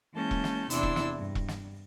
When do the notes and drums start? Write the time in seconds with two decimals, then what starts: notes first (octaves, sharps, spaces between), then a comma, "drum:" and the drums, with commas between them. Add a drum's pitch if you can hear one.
0.14 E3 G#3 A#3 C#4 A5 G6
0.31 drum: kick E1
0.44 drum: snare
0.70 E2 C3 D4 E4 C6 E6, drum: hi-hat
0.83 drum: kick E1
0.96 drum: snare
1.17 G2
1.35 drum: kick E1
1.48 drum: snare